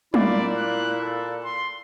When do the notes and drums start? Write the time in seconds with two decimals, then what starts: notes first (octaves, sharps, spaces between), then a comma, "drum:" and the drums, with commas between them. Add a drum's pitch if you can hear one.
0.14 A#2 E4 D5, drum: tom
0.57 F#6
1.01 A4
1.44 C6